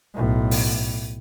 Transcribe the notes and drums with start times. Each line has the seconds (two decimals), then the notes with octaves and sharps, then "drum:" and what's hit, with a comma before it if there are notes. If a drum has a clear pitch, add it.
0.15 B1 A2
0.51 drum: open hi-hat